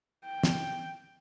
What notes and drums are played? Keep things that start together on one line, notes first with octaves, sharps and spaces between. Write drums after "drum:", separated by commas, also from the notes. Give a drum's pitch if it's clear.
G5
drum: snare